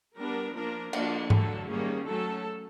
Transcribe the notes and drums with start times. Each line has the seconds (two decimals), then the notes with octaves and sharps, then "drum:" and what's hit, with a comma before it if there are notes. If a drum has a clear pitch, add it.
0.17 G3 B3 D4 A#4
0.55 F3 A#3 D4 A#4
0.93 F3 A#3 D4, drum: cymbal
1.30 D3 F#3 A3 A4, drum: tom G#2
1.68 D#3 G3 A#3 C#4 G#4
2.06 F#3 A3 C#4 A4